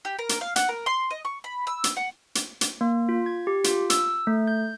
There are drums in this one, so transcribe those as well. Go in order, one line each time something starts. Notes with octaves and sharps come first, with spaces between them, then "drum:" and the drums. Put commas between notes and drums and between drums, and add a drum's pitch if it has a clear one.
G4
A#4
drum: hi-hat
F5
F#5, drum: hi-hat
A#4
C6
D#5
C#6
B5
E6
drum: hi-hat
F#5
drum: hi-hat
drum: hi-hat
A#3
F4
G#6
G4
F4, drum: hi-hat
E6, drum: hi-hat
A3
G6